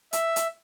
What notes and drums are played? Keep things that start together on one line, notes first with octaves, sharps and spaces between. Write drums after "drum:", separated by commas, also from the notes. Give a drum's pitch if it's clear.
E5, drum: hi-hat
drum: hi-hat